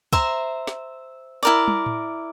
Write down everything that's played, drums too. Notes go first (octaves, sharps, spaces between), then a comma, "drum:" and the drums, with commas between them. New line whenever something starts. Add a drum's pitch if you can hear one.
C5 E5 A#5, drum: kick
drum: snare
E4 A#4 D5
drum: tom
drum: tom A2